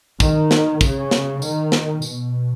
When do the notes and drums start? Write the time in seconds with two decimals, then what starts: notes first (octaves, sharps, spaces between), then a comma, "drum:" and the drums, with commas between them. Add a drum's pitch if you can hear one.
0.20 D#3, drum: kick, tambourine
0.51 drum: snare
0.81 C#3, drum: kick, tambourine
1.11 drum: snare
1.42 D#3, drum: tambourine
1.72 drum: snare
2.02 B2, drum: tambourine